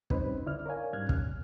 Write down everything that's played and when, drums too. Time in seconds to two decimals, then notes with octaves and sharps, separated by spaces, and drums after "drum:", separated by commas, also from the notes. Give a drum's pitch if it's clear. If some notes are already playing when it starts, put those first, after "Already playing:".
0.10 G3 C4 C#4 D#4 B4 C5, drum: kick
0.46 C#2 D3 E4 D5 F6
0.66 A#4 C#5 D5 F5 G#5
0.93 G#2 G3 C#4 F6 F#6 G#6
1.09 C#2 F6, drum: kick